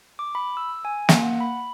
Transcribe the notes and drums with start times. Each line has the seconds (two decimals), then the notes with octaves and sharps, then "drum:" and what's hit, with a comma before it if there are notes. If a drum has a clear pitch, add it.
0.19 D6
0.35 B5
0.57 E6
0.85 G#5
1.09 A#3, drum: snare
1.23 F#5
1.41 B5
1.58 B5